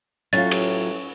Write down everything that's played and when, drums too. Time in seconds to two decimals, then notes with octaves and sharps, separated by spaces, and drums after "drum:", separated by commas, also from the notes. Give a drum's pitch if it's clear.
0.33 A2 F#3 C#4 F4 A6, drum: hi-hat
0.51 drum: cymbal